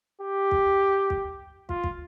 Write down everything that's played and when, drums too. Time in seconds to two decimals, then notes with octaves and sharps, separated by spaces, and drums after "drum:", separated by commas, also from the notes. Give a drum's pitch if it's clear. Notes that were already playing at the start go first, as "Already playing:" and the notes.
0.22 G4
0.51 drum: kick
1.10 drum: kick
1.69 F4, drum: kick
1.84 drum: kick